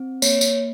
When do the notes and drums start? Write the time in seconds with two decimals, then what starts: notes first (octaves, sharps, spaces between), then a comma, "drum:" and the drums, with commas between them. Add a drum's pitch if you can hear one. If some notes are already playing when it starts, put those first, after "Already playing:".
Already playing: C4
0.22 A#3 C#5, drum: tambourine
0.41 drum: tambourine